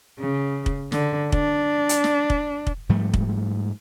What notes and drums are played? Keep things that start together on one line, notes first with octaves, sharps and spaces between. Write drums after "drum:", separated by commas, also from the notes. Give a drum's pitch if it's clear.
C#3
drum: kick
D3, drum: snare
D4, drum: kick
drum: hi-hat
drum: snare
drum: kick
drum: kick
G#2 F3 G3 A3
drum: kick